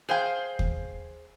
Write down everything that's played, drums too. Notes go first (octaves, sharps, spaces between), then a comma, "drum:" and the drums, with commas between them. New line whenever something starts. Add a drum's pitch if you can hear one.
G#4 C5 F5 G5
drum: kick